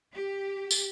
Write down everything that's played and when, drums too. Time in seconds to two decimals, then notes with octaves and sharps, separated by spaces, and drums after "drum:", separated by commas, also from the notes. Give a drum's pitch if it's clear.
0.14 G4
0.71 drum: tambourine